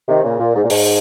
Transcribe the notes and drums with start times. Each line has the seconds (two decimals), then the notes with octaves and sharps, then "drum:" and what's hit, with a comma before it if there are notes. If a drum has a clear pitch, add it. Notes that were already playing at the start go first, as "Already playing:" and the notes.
0.08 C3 D#3
0.24 A#2 C#3
0.40 A#2
0.55 G#2
0.64 A#2
0.70 G#2, drum: open hi-hat